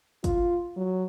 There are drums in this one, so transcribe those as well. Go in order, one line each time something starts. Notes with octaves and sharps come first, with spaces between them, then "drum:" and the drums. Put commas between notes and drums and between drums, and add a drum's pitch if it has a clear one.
F4, drum: kick G1, hi-hat
F#3